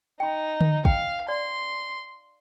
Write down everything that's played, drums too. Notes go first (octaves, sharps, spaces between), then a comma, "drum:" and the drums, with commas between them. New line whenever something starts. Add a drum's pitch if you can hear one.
D#4 G5 B5
drum: tom D3
F5 G5, drum: kick
D5 C6